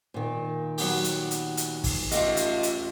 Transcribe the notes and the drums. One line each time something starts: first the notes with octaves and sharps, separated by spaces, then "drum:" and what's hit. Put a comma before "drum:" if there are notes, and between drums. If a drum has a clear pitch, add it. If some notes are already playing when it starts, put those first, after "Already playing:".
A#2 D#3
F#3 B3 G4, drum: open hi-hat
drum: hi-hat
drum: hi-hat
drum: hi-hat
drum: kick, open hi-hat
A1 F4 D#5 F5 D6, drum: hi-hat
drum: hi-hat
drum: hi-hat